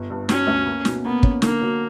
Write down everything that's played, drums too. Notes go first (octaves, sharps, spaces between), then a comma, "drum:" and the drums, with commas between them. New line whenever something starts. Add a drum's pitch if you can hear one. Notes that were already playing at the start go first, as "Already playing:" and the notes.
Already playing: G1
G2
F#3 C#4, drum: snare
D2
A#3
B2, drum: snare
A#3 B3
C#4, drum: kick
D3 A#3, drum: snare
F#3